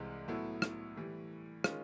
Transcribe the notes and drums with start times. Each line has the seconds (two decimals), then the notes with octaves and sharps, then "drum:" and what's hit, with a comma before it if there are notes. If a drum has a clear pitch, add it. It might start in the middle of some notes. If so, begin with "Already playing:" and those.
Already playing: C2 C3 E3 G#3
0.28 A2 F#3 B3 E4 A4
0.62 drum: rim click
0.96 A2 E3 G3
1.64 D#3 G#3 C#4 F4, drum: rim click